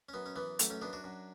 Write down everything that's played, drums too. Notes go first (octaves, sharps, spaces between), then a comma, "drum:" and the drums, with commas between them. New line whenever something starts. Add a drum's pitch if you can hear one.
C#4
F#2 B3
C#4
E3 B3
F#2 A3, drum: hi-hat
A3 C#4
F#2 B3 D4
D4 F#4
F#2